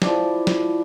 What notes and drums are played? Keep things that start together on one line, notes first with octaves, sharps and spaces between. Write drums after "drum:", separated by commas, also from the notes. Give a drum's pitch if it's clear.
F3 E4 D5 G5, drum: snare
drum: snare